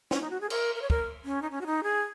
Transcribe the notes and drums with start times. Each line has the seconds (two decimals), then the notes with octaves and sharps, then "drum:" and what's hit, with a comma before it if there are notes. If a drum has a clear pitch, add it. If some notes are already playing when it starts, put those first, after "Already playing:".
0.11 C#4, drum: snare
0.21 D#4
0.30 F#4
0.41 G#4
0.50 A#4, drum: cymbal
0.75 A#4
0.82 C#5
0.90 A#4, drum: kick
1.25 C#4
1.42 D#4
1.51 C#4
1.61 F#4
1.66 D#4
1.83 G#4